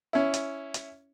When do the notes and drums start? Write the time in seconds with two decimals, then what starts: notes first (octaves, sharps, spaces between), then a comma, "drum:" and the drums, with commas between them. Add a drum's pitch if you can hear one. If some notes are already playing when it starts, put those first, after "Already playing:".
0.13 C#4 E4
0.34 drum: hi-hat
0.74 drum: hi-hat